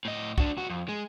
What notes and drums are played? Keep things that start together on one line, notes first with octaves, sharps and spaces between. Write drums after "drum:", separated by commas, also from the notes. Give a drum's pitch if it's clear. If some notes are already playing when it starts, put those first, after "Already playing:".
A2 D#5
D4 F#4, drum: kick
C#2 F#4
F2
G#3